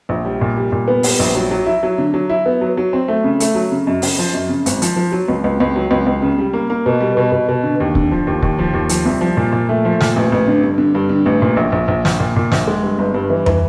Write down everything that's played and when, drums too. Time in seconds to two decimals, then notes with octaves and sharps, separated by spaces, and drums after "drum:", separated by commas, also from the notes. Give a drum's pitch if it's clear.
0.09 A#1
0.25 G3
0.41 A#2
0.57 G3
0.72 A#2
0.88 B3
1.03 G3, drum: open hi-hat
1.19 A#1
1.35 F#3
1.51 F#3
1.66 E4
1.83 F#3
1.98 D3
2.14 F#3
2.30 E4
2.46 B3
2.61 F#3
2.77 F#3
2.93 C4
3.08 A3
3.24 C#3
3.40 A3, drum: hi-hat
3.55 F#3
3.71 C#3
3.87 F#2
4.02 C#3, drum: open hi-hat
4.19 F3
4.34 F#2
4.49 C#3
4.66 G#1, drum: hi-hat
4.82 F3, drum: hi-hat
4.96 F3
5.12 F#3
5.28 C#2
5.44 C#2
5.60 C#2
5.76 F#3
5.91 C#2
6.07 C#2
6.22 C#3
6.38 G3
6.53 A#3
6.70 A#3
6.86 B2
7.01 G3
7.17 B2
7.32 B2
7.49 B2
7.64 D3
7.80 D#2
7.95 D3, drum: kick C#1
8.12 F3
8.27 D#2
8.42 D#2, drum: kick C#1
8.59 F3
8.74 D#2
8.89 F3, drum: hi-hat
9.06 C2
9.21 F3
9.37 A#2
9.52 A#2
9.69 A3
9.85 F3
10.01 A#2, drum: snare
10.16 A1
10.32 A1
10.48 D3
10.63 G2
10.78 D3
10.95 G2
11.09 D3
11.26 A1
11.42 A#2
11.57 A#1
11.72 A#1
11.88 A#1
12.05 A#1, drum: snare
12.20 A#2
12.36 A#2
12.52 A#1, drum: snare
12.67 G#3
12.83 G2
12.98 G1
13.14 G2
13.30 E3
13.46 E3, drum: tom